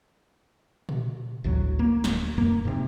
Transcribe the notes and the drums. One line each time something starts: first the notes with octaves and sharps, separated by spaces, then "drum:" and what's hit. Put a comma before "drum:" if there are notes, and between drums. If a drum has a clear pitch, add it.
drum: tom A#2
G#1 D2 A2 F#3
A#3
D1, drum: snare
F#2 A#3
G#2 C3